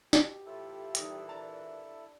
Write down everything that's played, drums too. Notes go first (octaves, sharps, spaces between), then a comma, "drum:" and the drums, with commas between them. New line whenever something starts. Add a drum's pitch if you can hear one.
B2 G4, drum: snare
A2 E3 E4 F4 A4
A#2 E3 G3 D#4, drum: hi-hat
D4 A5 A#5